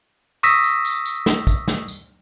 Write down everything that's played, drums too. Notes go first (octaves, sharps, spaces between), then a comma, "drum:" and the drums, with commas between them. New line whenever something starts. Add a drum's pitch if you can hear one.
C#6 D#6 E6 A#6 B6, drum: tambourine
drum: tambourine
drum: tambourine
drum: tambourine
drum: snare
drum: kick, tambourine
drum: snare
drum: tambourine